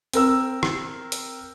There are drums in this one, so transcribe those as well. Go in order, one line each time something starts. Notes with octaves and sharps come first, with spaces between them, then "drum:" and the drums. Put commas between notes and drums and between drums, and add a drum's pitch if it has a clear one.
C4 A#4 E6, drum: hi-hat
drum: rim click
drum: hi-hat